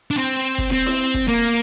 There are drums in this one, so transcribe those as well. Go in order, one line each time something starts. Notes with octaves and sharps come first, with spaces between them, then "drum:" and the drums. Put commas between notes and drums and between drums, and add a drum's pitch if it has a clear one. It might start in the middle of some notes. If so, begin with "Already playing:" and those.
D4
C4
drum: kick
C4
drum: snare E4
drum: kick
A#3